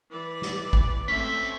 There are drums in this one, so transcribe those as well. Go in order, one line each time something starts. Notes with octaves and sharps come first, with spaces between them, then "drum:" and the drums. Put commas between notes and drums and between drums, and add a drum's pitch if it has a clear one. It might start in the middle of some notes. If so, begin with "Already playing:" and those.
E3 D5
drum: snare
drum: kick G#1
A3 C4 C#4 E5 B6